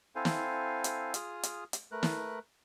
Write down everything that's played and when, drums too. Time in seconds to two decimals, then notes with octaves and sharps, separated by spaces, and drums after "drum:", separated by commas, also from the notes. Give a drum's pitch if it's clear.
0.16 C4 E4 A4 C5 F5 G#5
0.25 drum: snare
0.84 drum: hi-hat
1.14 F4 G#4 D#6 F6, drum: hi-hat
1.43 drum: hi-hat
1.73 drum: hi-hat
1.92 A3 A#4 B4 F#6
2.03 drum: snare